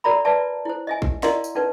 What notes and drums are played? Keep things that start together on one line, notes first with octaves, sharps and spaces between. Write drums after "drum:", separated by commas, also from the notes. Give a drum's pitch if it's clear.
F#4 A#4 D5 E5 A#5 B5
B4 D5 E5 A5
E4 C5
D#5 E5 G#5
drum: kick A#1
E4 A#4 D5 D#5 F5 C6, drum: snare
drum: tambourine
C#4 D#4 B4